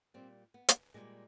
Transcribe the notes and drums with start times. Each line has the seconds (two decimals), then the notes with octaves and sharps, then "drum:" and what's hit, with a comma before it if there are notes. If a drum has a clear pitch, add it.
0.14 A#2 G3 C4
0.54 B3
0.69 drum: hi-hat
0.94 A#2 G3 G#3